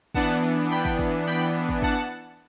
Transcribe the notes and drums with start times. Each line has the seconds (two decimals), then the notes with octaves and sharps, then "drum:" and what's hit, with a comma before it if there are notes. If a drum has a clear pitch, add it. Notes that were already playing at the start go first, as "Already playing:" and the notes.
0.15 E3 B3 D4 F#5 A5, drum: kick
0.71 G5 B5
0.85 drum: kick
0.99 drum: kick
1.27 G5 B5
1.69 drum: kick
1.82 F#5 A5, drum: kick